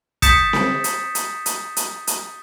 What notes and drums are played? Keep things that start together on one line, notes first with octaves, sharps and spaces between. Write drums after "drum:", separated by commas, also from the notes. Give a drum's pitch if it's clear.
D#6 G6 A6 B6 C#7 E7, drum: kick, hi-hat
drum: snare C4
drum: hi-hat
drum: hi-hat
drum: hi-hat
drum: hi-hat
drum: hi-hat